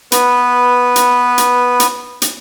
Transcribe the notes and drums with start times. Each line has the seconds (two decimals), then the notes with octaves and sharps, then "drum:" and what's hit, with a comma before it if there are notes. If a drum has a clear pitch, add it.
0.12 B3 B4, drum: hi-hat
0.96 drum: hi-hat
1.38 drum: hi-hat
1.80 drum: hi-hat
2.22 drum: hi-hat